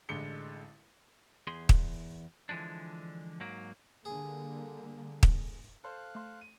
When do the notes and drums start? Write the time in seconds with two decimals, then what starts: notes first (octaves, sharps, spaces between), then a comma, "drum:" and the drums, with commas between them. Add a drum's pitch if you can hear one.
0.09 A1 D3 G#3 C#7 G7
1.47 E2 G#4 C6
1.69 drum: kick
2.49 D3 E3 F3 G#3 D4
3.40 G#2 F#3 A#3
4.05 D3 G3 A#3 G#4
5.23 drum: kick
5.84 A4 C5 F5 F#6
6.15 A3 C6
6.41 D#7